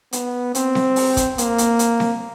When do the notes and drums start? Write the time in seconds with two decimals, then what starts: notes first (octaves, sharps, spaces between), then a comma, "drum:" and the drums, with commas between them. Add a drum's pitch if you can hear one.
0.13 B3, drum: hi-hat
0.55 C4, drum: hi-hat
0.75 drum: snare C4
0.96 drum: open hi-hat
1.17 drum: kick, hi-hat
1.38 A#3, drum: hi-hat
1.58 drum: hi-hat
1.79 drum: hi-hat
2.00 drum: snare C4